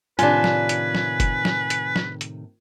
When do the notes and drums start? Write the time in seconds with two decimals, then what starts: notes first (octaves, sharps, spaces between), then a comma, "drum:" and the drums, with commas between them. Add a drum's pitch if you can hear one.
0.19 A2 C3 D#3 D4 F4 B4 G#5, drum: hi-hat
0.44 drum: snare
0.69 drum: hi-hat
0.95 drum: snare
1.20 drum: kick, hi-hat
1.45 drum: snare
1.70 drum: hi-hat
1.96 drum: snare
2.21 drum: hi-hat